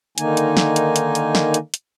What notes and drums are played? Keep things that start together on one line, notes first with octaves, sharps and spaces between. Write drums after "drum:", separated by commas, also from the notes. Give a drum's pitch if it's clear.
D3 D#3 A#3 D#4 G#5, drum: hi-hat
drum: hi-hat
drum: snare
drum: hi-hat
drum: hi-hat
drum: hi-hat
drum: snare
drum: hi-hat
drum: hi-hat